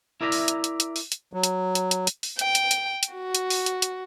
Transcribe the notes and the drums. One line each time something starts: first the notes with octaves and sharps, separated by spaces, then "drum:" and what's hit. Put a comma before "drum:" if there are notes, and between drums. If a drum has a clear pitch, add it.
E4 A#4 D5 E5 G#5 A#5
drum: open hi-hat
drum: hi-hat
drum: hi-hat
drum: hi-hat
drum: open hi-hat
drum: hi-hat
F#3
drum: hi-hat
drum: hi-hat
drum: hi-hat
drum: hi-hat
drum: open hi-hat
G5, drum: hi-hat
drum: hi-hat
drum: hi-hat
drum: hi-hat
F#4
drum: hi-hat
drum: open hi-hat
drum: hi-hat
drum: hi-hat